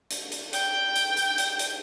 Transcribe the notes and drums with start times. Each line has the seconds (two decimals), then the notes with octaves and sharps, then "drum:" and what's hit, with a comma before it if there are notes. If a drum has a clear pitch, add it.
0.11 drum: hi-hat
0.32 drum: hi-hat
0.53 G5, drum: hi-hat
0.96 drum: hi-hat
1.17 drum: hi-hat
1.38 drum: hi-hat
1.59 drum: hi-hat